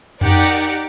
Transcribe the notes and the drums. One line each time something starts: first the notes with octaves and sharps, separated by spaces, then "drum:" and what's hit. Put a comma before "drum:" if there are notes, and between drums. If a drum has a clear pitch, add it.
D#4 G4 A#4 D5 F#5, drum: tom F2
drum: open hi-hat